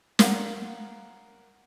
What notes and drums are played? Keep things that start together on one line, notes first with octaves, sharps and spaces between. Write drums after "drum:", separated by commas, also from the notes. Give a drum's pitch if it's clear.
A#4 F5 F#5, drum: snare